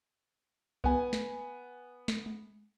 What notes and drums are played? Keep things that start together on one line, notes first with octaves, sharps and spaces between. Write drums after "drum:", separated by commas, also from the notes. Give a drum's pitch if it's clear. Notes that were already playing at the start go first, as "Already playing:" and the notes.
B3 G#5, drum: kick B1
drum: snare
drum: snare
drum: tom G#3